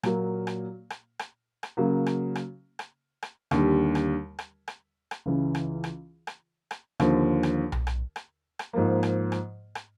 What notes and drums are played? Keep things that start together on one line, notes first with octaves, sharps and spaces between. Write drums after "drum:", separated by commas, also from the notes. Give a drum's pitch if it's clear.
A#2 F#3 A#3, drum: rim click
drum: rim click
drum: rim click
drum: rim click
drum: rim click
C#3 F#3 A#3
drum: rim click
drum: rim click
drum: rim click
drum: rim click
D#2 D3 G3, drum: rim click
drum: rim click
drum: rim click
drum: rim click
drum: rim click
C#2 C#3 E3
drum: rim click
drum: rim click
drum: rim click
drum: rim click
D#2 D3 F3, drum: rim click
drum: rim click
drum: tom B1
drum: rim click
drum: rim click
drum: rim click
G#2 F3 A#3
drum: rim click
drum: rim click
drum: rim click